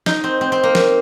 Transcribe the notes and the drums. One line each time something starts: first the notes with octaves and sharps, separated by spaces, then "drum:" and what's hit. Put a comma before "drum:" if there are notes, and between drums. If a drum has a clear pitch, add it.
D#4, drum: snare
C4
C4
C4
A#3
drum: snare